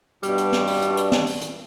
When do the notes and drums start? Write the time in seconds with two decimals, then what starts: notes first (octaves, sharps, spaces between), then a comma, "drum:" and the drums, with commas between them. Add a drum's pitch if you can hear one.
0.23 G2 B2 G3, drum: hi-hat
0.38 drum: hi-hat
0.52 drum: snare
0.67 drum: open hi-hat
0.82 drum: hi-hat
0.97 drum: hi-hat
1.12 drum: snare
1.27 drum: open hi-hat
1.41 drum: hi-hat